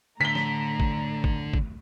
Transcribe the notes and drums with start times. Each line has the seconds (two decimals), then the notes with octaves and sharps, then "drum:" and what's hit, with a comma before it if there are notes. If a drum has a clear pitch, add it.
0.21 A2 D3 A#5 B6 G7
0.35 drum: snare
0.80 drum: kick
1.24 drum: kick
1.54 drum: kick